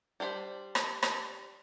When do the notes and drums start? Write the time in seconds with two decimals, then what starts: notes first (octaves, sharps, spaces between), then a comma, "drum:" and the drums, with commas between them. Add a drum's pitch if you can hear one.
0.20 G3 D4 C5 B5
0.75 drum: rim click
1.03 drum: rim click